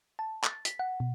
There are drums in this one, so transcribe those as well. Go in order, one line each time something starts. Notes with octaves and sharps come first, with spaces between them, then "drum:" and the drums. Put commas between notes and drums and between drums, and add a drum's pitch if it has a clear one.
A5
A6, drum: clap
B6, drum: hi-hat
F#5
B2